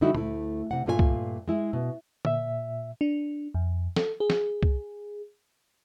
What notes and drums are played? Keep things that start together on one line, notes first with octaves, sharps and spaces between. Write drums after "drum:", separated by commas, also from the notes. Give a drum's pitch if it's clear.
D3 G3 D#4 E4 F#4
D2 A3 E4, drum: tom A#2
C3 F#5
G2 A#2 A3 F4 C5 G#5
drum: kick C2
G#3 E4 G#4
B2
A#2 E5, drum: tom D3
D4
F2
A4, drum: snare
G#4
drum: snare
drum: kick C2